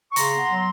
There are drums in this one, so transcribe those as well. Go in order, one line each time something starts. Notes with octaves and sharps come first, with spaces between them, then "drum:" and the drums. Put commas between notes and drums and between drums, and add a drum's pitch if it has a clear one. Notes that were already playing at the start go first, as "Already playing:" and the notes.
C#6
C#3 A#5 C6, drum: hi-hat
B3
F#3